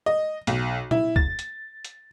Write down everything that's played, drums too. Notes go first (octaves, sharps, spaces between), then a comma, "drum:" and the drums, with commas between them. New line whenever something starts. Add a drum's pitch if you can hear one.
D#5
B1, drum: hi-hat
E4, drum: tom
A6, drum: kick
drum: hi-hat
drum: hi-hat